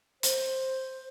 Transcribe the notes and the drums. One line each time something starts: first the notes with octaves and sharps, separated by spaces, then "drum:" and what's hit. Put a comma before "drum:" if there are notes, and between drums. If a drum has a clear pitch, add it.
C5, drum: hi-hat